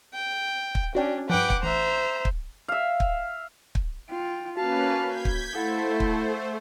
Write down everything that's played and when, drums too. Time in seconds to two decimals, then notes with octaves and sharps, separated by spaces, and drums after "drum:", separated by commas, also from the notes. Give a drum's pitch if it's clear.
0.14 G5
0.75 drum: kick
0.95 C#4 D4 F#4 D5 G5
1.30 G2 F3 B4 F#5 G5 D6
1.50 drum: kick
1.63 A1 C5 E5 A#5
2.25 drum: kick
2.68 E5 F5
3.00 drum: kick
3.75 drum: kick
4.10 F4 G5
4.57 A#3 C#4 F#4 B4 F5 A5
5.06 G6 G#6 B6
5.25 drum: kick
5.55 A3 E4 A4 C5 F5 F#5
6.00 drum: kick